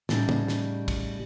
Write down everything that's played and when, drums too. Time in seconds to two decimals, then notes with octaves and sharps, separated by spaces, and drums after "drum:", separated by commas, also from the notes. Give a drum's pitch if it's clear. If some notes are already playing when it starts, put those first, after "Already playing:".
0.09 A2 C#3 G3 A3 C#4 D#4, drum: snare
0.29 drum: tom
0.48 drum: snare
0.88 drum: kick, cymbal